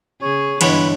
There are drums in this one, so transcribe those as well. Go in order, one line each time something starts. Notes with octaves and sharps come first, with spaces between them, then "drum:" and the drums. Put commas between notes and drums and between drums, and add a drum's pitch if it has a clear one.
C#3 G#4 C#5
G2 B2 D3 E3 G#3 B4 C#5 B5, drum: cymbal